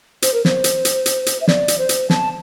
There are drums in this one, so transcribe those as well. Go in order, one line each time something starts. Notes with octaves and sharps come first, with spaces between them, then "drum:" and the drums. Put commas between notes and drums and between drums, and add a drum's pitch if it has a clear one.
C5, drum: hi-hat
A#4
C5, drum: snare
drum: hi-hat
drum: hi-hat
drum: hi-hat
drum: hi-hat
E5
D5, drum: snare
drum: hi-hat
C5
drum: hi-hat
A5, drum: snare